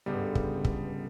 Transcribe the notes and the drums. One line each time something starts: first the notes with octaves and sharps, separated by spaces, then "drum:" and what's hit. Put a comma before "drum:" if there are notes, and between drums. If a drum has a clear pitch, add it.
G1 C#2 G#2 G3 B3
drum: kick
drum: kick